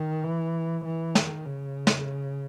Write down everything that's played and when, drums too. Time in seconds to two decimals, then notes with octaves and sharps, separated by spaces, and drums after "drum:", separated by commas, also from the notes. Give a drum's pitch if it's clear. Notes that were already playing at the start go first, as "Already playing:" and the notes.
Already playing: D#3
0.24 E3
0.85 E3
1.15 D#3, drum: snare
1.45 C#3
1.87 drum: snare